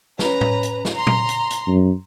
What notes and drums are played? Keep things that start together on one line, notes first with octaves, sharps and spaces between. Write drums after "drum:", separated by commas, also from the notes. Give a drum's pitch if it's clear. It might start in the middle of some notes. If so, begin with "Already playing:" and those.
C#4 B4 A#5, drum: snare
drum: tom A2
drum: hi-hat
drum: snare
A#5 C6
drum: tom A#2
drum: hi-hat
drum: hi-hat
F#2